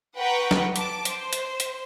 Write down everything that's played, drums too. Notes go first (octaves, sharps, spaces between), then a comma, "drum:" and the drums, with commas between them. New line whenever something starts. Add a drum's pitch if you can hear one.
B4 F#5 G5 A#5 C#6
drum: snare
A5 D6, drum: hi-hat
C5, drum: hi-hat
drum: hi-hat
drum: hi-hat